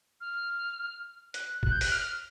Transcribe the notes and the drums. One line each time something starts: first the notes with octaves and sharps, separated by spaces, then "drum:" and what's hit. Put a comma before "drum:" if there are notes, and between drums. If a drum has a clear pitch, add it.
F6
F#6, drum: hi-hat
F#6, drum: kick
G6
F#6, drum: open hi-hat
F6